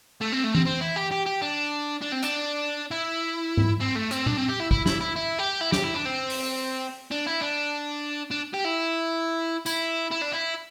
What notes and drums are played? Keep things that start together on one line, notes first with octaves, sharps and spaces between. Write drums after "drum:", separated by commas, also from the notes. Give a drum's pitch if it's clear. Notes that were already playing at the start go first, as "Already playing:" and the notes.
A3
C4
A3
C4, drum: tom E3
C4
E4
G4
G4
G4
D4
D4
C4
D4, drum: hi-hat
E4
drum: tom G#2
C4
A3
C4, drum: hi-hat
D4, drum: tom A#2
C4
G4
E4
E4, drum: kick G#1
E4, drum: snare
E4
E4
G4
E4
G4, drum: snare
E4
D4
C4
drum: open hi-hat
D4
E4
D4
D4
G4
E4
E4, drum: tambourine
E4
D4
E4